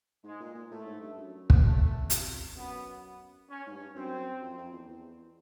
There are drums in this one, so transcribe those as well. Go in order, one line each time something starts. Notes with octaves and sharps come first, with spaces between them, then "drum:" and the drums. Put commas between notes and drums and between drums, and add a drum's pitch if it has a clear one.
G#2 G#3
A#2
A#2
A2 A3
G#2
G2
F#2
drum: kick
A3
F2, drum: hi-hat
F#2 B3
C#4
G#2
G2
F#2 C4
F2
F2
E2
E2